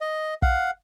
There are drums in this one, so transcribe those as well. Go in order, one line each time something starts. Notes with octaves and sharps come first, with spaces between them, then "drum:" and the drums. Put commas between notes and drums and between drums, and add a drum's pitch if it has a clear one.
D#5
F5 F#5, drum: kick